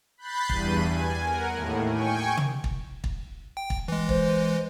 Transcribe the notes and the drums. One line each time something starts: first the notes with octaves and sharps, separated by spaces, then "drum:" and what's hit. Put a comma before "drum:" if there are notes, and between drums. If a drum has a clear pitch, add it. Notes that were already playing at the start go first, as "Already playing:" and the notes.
B5 F#6 G6 A6 B6 C7
E2 G2 D#7, drum: kick
G#5
A#4 F#5
D#2 A2
G5 G#5 C#6
drum: tom
drum: kick
drum: kick
G5
drum: kick
E3 G#3
C5, drum: kick